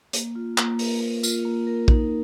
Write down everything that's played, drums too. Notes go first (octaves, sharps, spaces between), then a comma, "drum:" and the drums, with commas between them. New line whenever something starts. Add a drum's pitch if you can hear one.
A#3, drum: hi-hat
F4
A#3, drum: clap
A#4, drum: open hi-hat
A#3
F4, drum: tambourine
A#3
A#4
D#4, drum: kick A#1